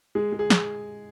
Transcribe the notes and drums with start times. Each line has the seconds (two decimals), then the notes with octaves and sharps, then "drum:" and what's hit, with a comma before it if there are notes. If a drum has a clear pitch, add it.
0.15 G#3 G#4
0.32 G#3
0.39 G#4
0.50 drum: snare